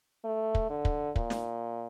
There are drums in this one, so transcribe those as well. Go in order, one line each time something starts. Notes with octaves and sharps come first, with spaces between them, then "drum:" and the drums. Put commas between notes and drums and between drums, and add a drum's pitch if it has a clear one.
A3
drum: kick
D3
drum: kick
A#2, drum: kick
drum: snare